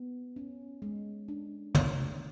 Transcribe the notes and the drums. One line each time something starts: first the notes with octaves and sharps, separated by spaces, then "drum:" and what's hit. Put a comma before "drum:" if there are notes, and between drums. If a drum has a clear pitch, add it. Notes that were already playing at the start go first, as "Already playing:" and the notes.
Already playing: B3
C#4
G#3
D4
A3, drum: tom